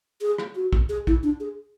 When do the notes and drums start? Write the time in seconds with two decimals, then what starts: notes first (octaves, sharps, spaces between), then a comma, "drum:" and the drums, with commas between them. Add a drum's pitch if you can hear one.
0.21 G#4
0.38 drum: rim click
0.56 F#4
0.73 drum: kick
0.89 G#4
1.07 E4, drum: kick
1.23 D4
1.40 G#4